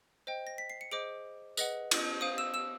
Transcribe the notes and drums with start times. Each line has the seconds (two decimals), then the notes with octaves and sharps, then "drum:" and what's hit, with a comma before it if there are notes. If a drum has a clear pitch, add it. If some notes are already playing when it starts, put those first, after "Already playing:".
0.27 C5 D#5 G5
0.47 A#6
0.58 B6
0.70 C7
0.81 C#7
0.92 G#4 C5 D#5 D6 D7
1.57 G#4 B4 D#5 F#5, drum: tambourine
1.91 drum: cymbal
2.21 C5 F5 D#6 D#7
2.38 E6 E7
2.54 E6 E7